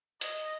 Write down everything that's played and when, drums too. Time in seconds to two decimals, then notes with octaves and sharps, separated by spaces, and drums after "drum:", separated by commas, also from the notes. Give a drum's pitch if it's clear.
0.21 D#5, drum: hi-hat